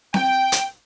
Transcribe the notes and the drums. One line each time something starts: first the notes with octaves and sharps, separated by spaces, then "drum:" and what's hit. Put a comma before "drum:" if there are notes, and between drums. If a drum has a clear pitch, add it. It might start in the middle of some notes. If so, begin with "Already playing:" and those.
G5, drum: snare C4
drum: hi-hat